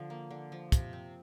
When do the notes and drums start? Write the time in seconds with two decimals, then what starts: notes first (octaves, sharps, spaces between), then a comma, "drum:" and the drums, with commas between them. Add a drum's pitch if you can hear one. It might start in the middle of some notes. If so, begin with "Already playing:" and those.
Already playing: D3 F3
0.10 A#3
0.31 D3
0.52 F3
0.72 C3, drum: kick, hi-hat
0.93 C4